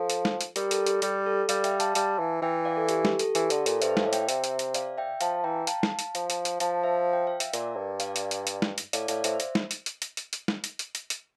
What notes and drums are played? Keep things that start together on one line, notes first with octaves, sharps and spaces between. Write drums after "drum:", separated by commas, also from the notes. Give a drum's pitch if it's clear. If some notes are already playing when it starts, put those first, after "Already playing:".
Already playing: F3 A4
drum: hi-hat
drum: snare
drum: hi-hat
G3 G4 A#4, drum: hi-hat
A4, drum: hi-hat
G4, drum: hi-hat
G3 G4, drum: hi-hat
A4
G3 D5 F5, drum: hi-hat
E5 G5, drum: hi-hat
F5 A5, drum: hi-hat
G3 F5 A5, drum: hi-hat
E3
E3 E5 G5
D5 F5
A4
G4, drum: hi-hat
G4, drum: snare
A4, drum: hi-hat
E3 G4, drum: hi-hat
D3 A4, drum: hi-hat
A#2 A4, drum: hi-hat
G2 C5 E5, drum: hi-hat
D5 F5, drum: snare
A2
E5 G5, drum: hi-hat
C3, drum: hi-hat
drum: hi-hat
drum: hi-hat
D5 F5, drum: hi-hat
E5 G5
F3 F5 A5, drum: hi-hat
E3 G5 A#5
F5 A5, drum: hi-hat
drum: snare
drum: hi-hat
F3, drum: hi-hat
drum: hi-hat
drum: hi-hat
F3 F5 A5, drum: hi-hat
C5 E5
G5
F5
E5, drum: hi-hat
A#2 A#4 D5, drum: hi-hat
G2
D5 F5, drum: hi-hat
drum: hi-hat
drum: hi-hat
drum: hi-hat
drum: snare
drum: hi-hat
A2 D5 F5, drum: hi-hat
A2 D5 F5, drum: hi-hat
A2 C5 E5, drum: hi-hat
drum: hi-hat
drum: snare
drum: hi-hat
drum: hi-hat
drum: hi-hat
drum: hi-hat
drum: hi-hat
drum: snare
drum: hi-hat
drum: hi-hat
drum: hi-hat
drum: hi-hat